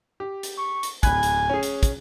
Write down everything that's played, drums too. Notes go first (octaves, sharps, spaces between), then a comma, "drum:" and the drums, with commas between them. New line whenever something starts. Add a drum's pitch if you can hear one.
G4
drum: hi-hat
C#6
drum: hi-hat
D1 G#5 B5 F#6, drum: kick, hi-hat
drum: hi-hat
C#4 G#4
drum: hi-hat
drum: kick, hi-hat